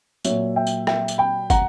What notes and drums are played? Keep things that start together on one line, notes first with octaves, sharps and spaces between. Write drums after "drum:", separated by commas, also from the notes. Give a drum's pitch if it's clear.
A#2 F#3 C#5 E5, drum: tambourine
E5 G5
drum: tambourine
E5 G5, drum: rim click
drum: tambourine
G5 B5
F#5 A#5, drum: kick, tambourine